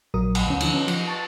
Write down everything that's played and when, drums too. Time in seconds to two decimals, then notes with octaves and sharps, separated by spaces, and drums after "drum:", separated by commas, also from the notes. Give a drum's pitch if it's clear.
0.14 A#1 F#3 A#4 D#6
0.35 drum: cymbal
0.46 D2 C#4
0.60 D3 E3 F3, drum: cymbal
0.74 C#4
0.88 F3, drum: cymbal
1.08 A5 C#6 A6